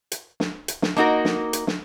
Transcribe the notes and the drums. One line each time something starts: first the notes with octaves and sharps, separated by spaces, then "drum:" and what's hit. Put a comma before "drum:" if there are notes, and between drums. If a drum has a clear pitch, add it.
drum: hi-hat
drum: snare
drum: hi-hat
drum: snare
A#3 D#4 F#4 A#4
drum: snare
drum: hi-hat
drum: snare